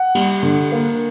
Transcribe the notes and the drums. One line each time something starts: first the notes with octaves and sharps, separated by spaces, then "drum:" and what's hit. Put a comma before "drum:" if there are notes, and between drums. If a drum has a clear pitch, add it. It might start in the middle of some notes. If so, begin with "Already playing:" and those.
Already playing: F#5
G3, drum: cymbal
D3
A#3